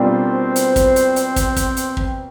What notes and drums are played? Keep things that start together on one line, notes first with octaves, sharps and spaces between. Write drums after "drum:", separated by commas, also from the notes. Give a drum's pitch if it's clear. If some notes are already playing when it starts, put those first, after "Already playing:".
Already playing: B2 G3 A#3 C4 D4 F4
drum: hi-hat
drum: kick, hi-hat
drum: hi-hat
drum: hi-hat
drum: kick, hi-hat
drum: kick, hi-hat
drum: hi-hat
drum: kick